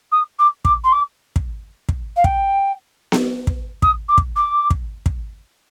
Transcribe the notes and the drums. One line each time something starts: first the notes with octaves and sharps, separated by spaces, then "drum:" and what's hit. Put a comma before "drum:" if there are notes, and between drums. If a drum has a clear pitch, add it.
D#6
D6
D6, drum: kick
C6
D6
drum: kick
drum: kick
F5
G5, drum: kick
drum: snare B3
drum: kick
D#6, drum: kick
D6
drum: kick
D6
drum: kick
drum: kick